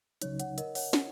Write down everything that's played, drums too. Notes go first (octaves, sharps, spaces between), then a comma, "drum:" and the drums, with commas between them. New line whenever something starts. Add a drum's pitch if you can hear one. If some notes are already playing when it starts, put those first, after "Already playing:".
C#2 C#3 F#3 D#4 C#5, drum: hi-hat
C#5 F#5, drum: hi-hat
A#4 D#5, drum: hi-hat
C#5 F#5, drum: open hi-hat
drum: snare